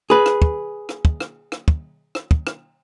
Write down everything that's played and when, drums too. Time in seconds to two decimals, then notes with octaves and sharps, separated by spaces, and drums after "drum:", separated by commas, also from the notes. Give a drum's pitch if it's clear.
0.10 G#4 B4
0.26 drum: rim click
0.42 drum: kick
0.89 drum: rim click
1.05 drum: kick
1.20 drum: rim click
1.52 drum: rim click
1.68 drum: kick
2.15 drum: rim click
2.31 drum: kick
2.47 drum: rim click